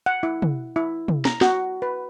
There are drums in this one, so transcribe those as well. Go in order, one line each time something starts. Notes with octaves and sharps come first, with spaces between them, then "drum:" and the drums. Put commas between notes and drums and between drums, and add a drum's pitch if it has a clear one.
F#5
E4
drum: tom
E4
drum: tom
A#5, drum: snare
F#4, drum: snare
B4